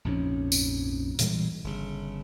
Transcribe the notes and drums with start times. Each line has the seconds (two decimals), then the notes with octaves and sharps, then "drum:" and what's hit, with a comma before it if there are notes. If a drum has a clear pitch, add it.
0.05 A#1 F2 G#2 C#4
0.52 drum: tambourine
1.19 A#2 E3 G3 G#3, drum: hi-hat
1.64 G1 C#3